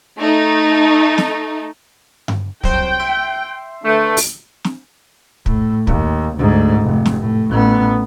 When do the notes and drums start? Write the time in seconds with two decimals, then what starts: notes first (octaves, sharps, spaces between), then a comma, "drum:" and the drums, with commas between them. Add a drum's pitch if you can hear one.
0.18 A3 D#4
1.18 drum: snare
2.28 drum: tom G2
2.63 C2 F#3 C5 G5, drum: kick
3.00 E5 C6
3.85 D3 A3 B4
4.17 drum: open hi-hat
4.64 drum: snare
5.46 A2, drum: kick
5.87 D#2, drum: kick
6.37 D2 G#2
6.82 F1
7.06 drum: snare
7.21 A2
7.49 A1 B3